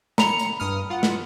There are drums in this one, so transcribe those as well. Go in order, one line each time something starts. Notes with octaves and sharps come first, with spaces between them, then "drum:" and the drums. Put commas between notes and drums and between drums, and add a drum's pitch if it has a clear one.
A#5 B5 C#7 F7, drum: snare
drum: tambourine
G2 D#6 F6
F4 F#5
drum: snare